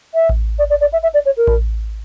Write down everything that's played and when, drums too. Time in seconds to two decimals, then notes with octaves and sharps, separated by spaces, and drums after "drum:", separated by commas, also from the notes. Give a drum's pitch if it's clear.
0.14 E5
0.29 drum: kick A1
0.59 D5
0.70 D5
0.81 D5
0.92 E5
1.03 E5
1.14 D5
1.25 C#5
1.37 A#4
1.47 drum: kick A1